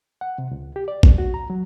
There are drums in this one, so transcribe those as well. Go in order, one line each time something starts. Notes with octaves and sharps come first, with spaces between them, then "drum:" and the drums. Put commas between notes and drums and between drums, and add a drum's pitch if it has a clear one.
F#5
C3
C#2
G4
D5
G2, drum: kick
F#4
A#5
F#3